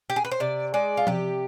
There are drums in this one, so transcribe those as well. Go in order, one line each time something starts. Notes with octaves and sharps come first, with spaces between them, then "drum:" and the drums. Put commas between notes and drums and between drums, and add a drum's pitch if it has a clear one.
G4
G#4
B4
C5
C3 D5
G#3 D5
F4
C3 G4, drum: tom F3